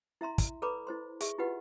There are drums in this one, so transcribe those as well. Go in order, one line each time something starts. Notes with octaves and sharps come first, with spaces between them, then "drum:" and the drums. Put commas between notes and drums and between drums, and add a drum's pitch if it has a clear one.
E4 E5 A#5 C6
drum: kick, hi-hat
A4 B4 D5 A#5 B5 D6
E4 C5 C6
G#4 E5 C#6, drum: hi-hat
E4 F4 G4 B4 D#5 F#5